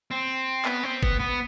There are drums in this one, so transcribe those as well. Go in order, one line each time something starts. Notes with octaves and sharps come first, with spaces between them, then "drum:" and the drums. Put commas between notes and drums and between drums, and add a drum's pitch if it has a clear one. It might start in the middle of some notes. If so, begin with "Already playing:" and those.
C4
B3, drum: clap
C4
B3, drum: kick F#1
B3